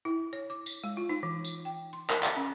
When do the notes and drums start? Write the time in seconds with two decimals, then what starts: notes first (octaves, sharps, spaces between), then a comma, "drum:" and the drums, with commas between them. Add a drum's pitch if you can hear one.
0.05 E4
0.33 C#5
0.50 D6
0.66 drum: tambourine
0.84 G#3
0.97 F4
1.09 D#4
1.23 E3
1.44 drum: tambourine
1.65 G5
1.93 C6
2.10 A#4, drum: clap
2.23 drum: clap
2.36 C#4